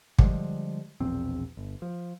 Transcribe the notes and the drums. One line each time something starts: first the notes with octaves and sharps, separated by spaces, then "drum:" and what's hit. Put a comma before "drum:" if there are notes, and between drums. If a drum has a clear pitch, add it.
D3 F3 G3 G#3, drum: kick
E1 A#1 E2 C4
G1
F3